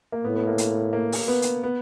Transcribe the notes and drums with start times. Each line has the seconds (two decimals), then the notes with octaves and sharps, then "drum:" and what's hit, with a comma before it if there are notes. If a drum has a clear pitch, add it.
0.12 A#3
0.24 A2 B3
0.36 B3
0.47 A#3
0.58 drum: hi-hat
0.93 A#3
1.12 drum: open hi-hat
1.28 B3
1.42 drum: hi-hat
1.63 B3